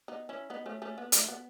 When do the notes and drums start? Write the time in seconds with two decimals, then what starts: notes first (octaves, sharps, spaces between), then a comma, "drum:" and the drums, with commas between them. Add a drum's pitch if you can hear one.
0.08 B3 D#4
0.29 C#4 E4
0.50 B3 D#4
0.66 A3 C#4
0.82 A3 C#4
0.98 B3
1.12 A3, drum: hi-hat
1.28 B3